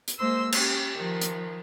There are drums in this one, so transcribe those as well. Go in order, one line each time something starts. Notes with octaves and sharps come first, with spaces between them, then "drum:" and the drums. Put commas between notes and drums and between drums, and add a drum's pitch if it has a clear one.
drum: hi-hat
G#3 A#3 C5 C6 E6
C#4 G4, drum: cymbal
D#3 F3
drum: hi-hat